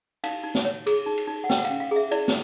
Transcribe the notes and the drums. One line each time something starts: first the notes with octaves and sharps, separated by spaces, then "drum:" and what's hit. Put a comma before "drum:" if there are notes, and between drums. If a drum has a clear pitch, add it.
D#4 F5, drum: cymbal
D#4
drum: snare
C#5
G#4, drum: cymbal
D#4
drum: cymbal
D#4
F#5
B4 G5, drum: snare
F#5
C#4 F5, drum: cymbal
F5
G#4 E5
E4 D5, drum: cymbal
drum: snare